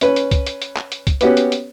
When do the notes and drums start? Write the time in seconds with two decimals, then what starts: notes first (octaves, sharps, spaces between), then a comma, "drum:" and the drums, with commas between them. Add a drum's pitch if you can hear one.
0.01 C#4 B4, drum: hi-hat
0.16 drum: hi-hat
0.31 drum: kick C2, hi-hat
0.47 drum: hi-hat
0.62 drum: hi-hat
0.77 drum: clap
0.92 drum: hi-hat
1.07 drum: kick C2, hi-hat
1.21 B3 C#4 F#4 G4 B4, drum: hi-hat
1.37 drum: hi-hat
1.52 drum: hi-hat